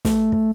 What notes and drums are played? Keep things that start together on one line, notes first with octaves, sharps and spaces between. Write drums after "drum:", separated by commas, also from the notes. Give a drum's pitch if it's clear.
A3, drum: snare
drum: kick